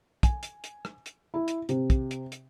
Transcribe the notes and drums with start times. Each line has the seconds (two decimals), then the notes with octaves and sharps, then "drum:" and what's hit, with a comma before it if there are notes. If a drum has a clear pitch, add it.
0.23 G#5, drum: kick, hi-hat
0.43 drum: hi-hat
0.64 drum: hi-hat
0.85 drum: rim click
1.06 drum: hi-hat
1.34 E4
1.48 drum: hi-hat
1.69 C3, drum: hi-hat
1.90 drum: kick, hi-hat
2.11 drum: hi-hat
2.32 drum: hi-hat